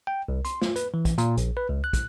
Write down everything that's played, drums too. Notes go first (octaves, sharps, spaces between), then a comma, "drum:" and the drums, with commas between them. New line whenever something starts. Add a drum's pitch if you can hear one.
G5
C2
C6, drum: hi-hat
F4, drum: snare
B4, drum: hi-hat
E3
drum: kick, hi-hat
A#2, drum: hi-hat
A#1, drum: hi-hat
B4
C#2
F#6
drum: kick, hi-hat